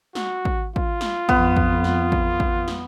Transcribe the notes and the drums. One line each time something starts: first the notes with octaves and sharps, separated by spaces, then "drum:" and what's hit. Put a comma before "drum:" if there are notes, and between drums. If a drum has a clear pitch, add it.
F#4, drum: snare
drum: kick
F4, drum: kick
drum: snare
F2 B3, drum: kick
drum: kick
drum: snare
drum: kick
drum: kick
drum: snare